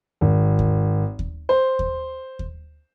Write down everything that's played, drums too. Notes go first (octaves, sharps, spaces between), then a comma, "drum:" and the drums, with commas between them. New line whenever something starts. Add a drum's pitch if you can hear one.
G#1
drum: kick D#2
drum: kick D#2
C5
drum: kick D#2
drum: kick D#2